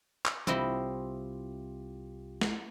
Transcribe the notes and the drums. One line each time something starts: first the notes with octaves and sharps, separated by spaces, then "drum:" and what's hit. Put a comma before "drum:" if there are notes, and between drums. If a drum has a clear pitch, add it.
drum: clap
C2 C4 E4 F4 G4 D#5, drum: tom E3
drum: snare